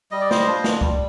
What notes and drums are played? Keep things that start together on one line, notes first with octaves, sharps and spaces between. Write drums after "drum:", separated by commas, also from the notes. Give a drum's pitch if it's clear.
G3 D#5
D5
C5 D#5, drum: snare
D4 F4
drum: snare
G3, drum: kick C2